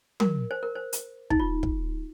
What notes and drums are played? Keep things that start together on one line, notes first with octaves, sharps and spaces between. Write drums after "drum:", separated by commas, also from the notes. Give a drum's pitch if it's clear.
A#4, drum: tom
C5
A#4
C5
drum: hi-hat
D#4, drum: kick
F4
drum: kick